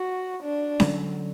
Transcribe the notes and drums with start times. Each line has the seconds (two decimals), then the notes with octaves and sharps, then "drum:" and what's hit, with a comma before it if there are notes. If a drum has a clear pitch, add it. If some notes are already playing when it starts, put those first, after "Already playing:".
Already playing: F#4
0.43 D4
0.80 D3 F#3 C#4, drum: snare C#4